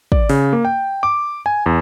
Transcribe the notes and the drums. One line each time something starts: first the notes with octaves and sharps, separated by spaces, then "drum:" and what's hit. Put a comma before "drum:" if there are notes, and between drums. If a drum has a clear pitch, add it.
D5, drum: kick
C#3, drum: open hi-hat
A#3
G5
D6
G#5
E2